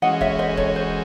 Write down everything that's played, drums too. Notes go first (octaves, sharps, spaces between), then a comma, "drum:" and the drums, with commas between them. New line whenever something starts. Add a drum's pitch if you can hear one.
E3 G#3 C#4 F#4 D#5 F#5
C#5 E5, drum: kick E1
C5 D#5
A4 C#5, drum: kick E1
C5